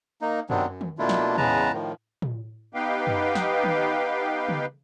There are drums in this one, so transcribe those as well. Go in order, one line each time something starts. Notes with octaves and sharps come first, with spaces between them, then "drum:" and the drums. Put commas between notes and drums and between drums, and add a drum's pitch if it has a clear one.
A#3 D#4
C3 D#3 F#3 B3 C4 D4, drum: tom F#2
F#2
drum: tom D#3
B2 A3 A#3 D4 E4 F4
drum: snare
E2 C#3 G#3 B4 A5 A#5, drum: tom
A2 D#3 F3
drum: tom
B3 D#4 G4 B4 F5 G5
drum: tom F#2
drum: snare
drum: tom D#3
drum: tom C#3